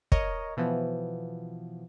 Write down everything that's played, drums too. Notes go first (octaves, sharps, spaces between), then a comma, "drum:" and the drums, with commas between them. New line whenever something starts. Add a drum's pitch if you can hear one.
A#4 C#5 D#5, drum: kick
B2 E3 F3 B3